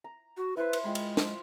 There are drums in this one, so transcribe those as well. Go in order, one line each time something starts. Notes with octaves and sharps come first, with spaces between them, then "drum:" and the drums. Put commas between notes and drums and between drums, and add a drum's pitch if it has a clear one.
A#5
F#4
E4 B4 C5
drum: cymbal
G#3 F4 G5 B5
drum: cymbal
C5, drum: snare